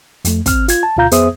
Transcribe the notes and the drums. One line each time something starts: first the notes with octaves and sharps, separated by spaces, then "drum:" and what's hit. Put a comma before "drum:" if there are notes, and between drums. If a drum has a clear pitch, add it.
F2 A3, drum: hi-hat
C4 F6, drum: kick, hi-hat
F4 G#6, drum: hi-hat
A5
D2 B2 F4 F5 A#5 G6
F2 B3 G#4 C5 E5 D#6, drum: hi-hat